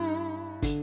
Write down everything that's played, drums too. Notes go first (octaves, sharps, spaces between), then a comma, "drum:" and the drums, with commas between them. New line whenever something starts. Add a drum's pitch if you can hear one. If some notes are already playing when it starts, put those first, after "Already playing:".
Already playing: G2 E4
D3, drum: kick, hi-hat